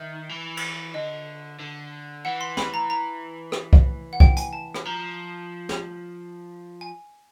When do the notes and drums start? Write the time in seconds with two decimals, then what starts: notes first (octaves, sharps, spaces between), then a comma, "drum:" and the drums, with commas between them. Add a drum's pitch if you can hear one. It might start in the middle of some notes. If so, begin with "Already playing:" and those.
Already playing: D#3 E5
0.29 E3
0.57 drum: cymbal
0.94 D3 D#5
1.60 D3
2.25 E3 F#5
2.41 C6
2.57 B5, drum: snare
2.74 A#5
2.90 A#5
3.52 drum: rim click
3.73 drum: kick
4.13 F#5
4.20 G5, drum: kick
4.37 G#5, drum: hi-hat
4.53 A5
4.74 drum: rim click
4.85 F3 A#5
5.69 drum: snare
6.81 G#5